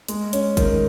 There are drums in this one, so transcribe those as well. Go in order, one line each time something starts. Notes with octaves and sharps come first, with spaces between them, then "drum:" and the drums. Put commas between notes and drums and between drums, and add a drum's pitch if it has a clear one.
G#3, drum: hi-hat
C#4, drum: hi-hat
D#3, drum: kick, hi-hat